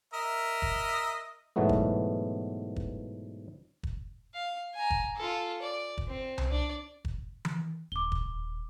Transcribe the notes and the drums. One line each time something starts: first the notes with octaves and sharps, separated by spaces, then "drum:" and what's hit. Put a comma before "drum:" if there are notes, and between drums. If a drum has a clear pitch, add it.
A#4 D#5 E5
drum: kick
G#2 B2 E3 F#3 A3 B3
drum: kick
drum: kick
drum: kick
F5
G#5 A#5
drum: kick
F4 A4
D5
drum: kick
C4
drum: tom C2
D4 D5
drum: kick
drum: tom E3
D#1 D6 G7
drum: kick